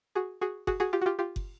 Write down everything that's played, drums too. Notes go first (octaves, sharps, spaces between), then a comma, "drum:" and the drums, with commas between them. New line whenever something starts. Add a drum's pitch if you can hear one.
F#4 G#4
F#4 G#4
F#4 G#4, drum: kick F#1
F#4 G#4
F4 G4
F#4
F4 G4
F4 G4
drum: kick F#1